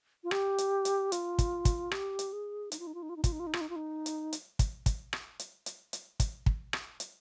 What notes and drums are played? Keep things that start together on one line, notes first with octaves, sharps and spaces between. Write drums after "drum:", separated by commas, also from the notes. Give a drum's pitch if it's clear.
F4
G4, drum: rim click
drum: hi-hat
drum: hi-hat
F4, drum: hi-hat
drum: kick, hi-hat
drum: kick, hi-hat
G4, drum: rim click
drum: hi-hat
G#4
D#4, drum: hi-hat
F4
D#4
F4
D#4
F4
D#4
F4, drum: kick, hi-hat
D#4
F4
D#4
F4, drum: rim click
D#4
F4
D#4
drum: hi-hat
drum: hi-hat
drum: kick, hi-hat
drum: kick, hi-hat
drum: rim click
drum: hi-hat
drum: hi-hat
drum: hi-hat
drum: kick, hi-hat
drum: kick
drum: rim click
drum: hi-hat